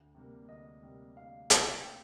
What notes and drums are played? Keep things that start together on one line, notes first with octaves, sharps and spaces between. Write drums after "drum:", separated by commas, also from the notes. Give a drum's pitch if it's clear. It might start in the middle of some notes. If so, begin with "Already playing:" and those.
Already playing: D2
C3 G3 A#3
D2 D#5
C3 G3 A#3
D2 F5
C3 G3 A#3, drum: hi-hat
G5